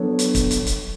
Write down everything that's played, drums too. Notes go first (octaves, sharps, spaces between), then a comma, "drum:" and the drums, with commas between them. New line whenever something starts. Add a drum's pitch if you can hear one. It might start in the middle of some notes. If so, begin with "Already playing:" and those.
Already playing: F#3 B3 D4 A4 C#5
drum: hi-hat
drum: kick, hi-hat
drum: hi-hat
drum: hi-hat